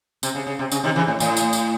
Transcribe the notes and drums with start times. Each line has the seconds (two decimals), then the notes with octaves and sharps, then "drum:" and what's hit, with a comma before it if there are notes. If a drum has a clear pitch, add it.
0.23 C3, drum: tambourine
0.35 C#3
0.47 C#3
0.59 C3
0.72 C#3, drum: tambourine
0.84 C3 D#3
0.96 C#3 E3
1.08 A2
1.20 A2, drum: tambourine
1.37 drum: tambourine
1.53 drum: tambourine